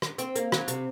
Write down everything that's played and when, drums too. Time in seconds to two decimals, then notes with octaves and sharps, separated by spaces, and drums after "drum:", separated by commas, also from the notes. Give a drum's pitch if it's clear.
0.02 drum: rim click
0.18 C4, drum: hi-hat
0.35 A#3, drum: hi-hat
0.52 F#3, drum: rim click
0.68 C3, drum: hi-hat